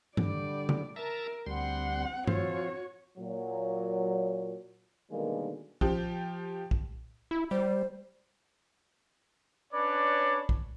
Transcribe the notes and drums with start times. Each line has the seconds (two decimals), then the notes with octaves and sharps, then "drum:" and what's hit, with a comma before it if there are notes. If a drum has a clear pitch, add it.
0.17 D3 G3 D5, drum: tom G2
0.69 drum: tom C#3
0.96 A#4 E5 A5 A#5
1.46 D2 G3 C4 F#5 C6
2.27 F3 C4 F4 F#4 C#5, drum: tom G2
3.18 A#2 F#3
5.11 B2 D3 D#3 G3 G#3 A#3
5.81 F3 G4, drum: kick
6.71 drum: kick
7.31 E4
7.51 G3 C5
9.73 C#4 D4 B4 C#5 D5
10.49 drum: kick